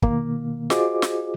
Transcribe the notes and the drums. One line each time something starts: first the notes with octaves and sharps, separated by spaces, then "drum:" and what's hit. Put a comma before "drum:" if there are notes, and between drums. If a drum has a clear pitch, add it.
B2 D#3 A#3, drum: kick
F4 F#4 G#4 C5 D#5 D6, drum: snare
drum: snare